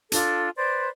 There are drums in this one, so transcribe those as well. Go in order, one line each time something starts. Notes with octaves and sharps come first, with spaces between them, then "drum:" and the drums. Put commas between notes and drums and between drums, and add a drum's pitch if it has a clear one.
D4 F4 A4, drum: hi-hat
B4 C5 D5